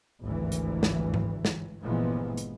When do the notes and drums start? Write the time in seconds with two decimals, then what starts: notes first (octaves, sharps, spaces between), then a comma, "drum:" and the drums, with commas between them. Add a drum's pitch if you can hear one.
0.21 G#1 D2 G2 E3
0.52 drum: hi-hat
0.83 drum: snare
1.14 drum: tom G#2
1.45 drum: snare
1.82 G1 A#2 E3 F3 G#3 B3
2.37 drum: hi-hat